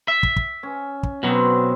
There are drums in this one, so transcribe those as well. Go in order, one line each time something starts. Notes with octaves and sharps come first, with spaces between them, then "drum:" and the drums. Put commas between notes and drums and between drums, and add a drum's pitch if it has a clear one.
E5
drum: kick
drum: kick
C#4
drum: kick
B2 F#3 B3 C4